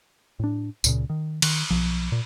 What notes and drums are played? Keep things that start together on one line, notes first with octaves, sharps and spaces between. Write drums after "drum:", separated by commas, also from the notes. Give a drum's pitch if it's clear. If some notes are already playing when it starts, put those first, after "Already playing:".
A2 D4
C#2 A#2 C#3, drum: tambourine
D#3
D#3, drum: cymbal
B1 F3
A#2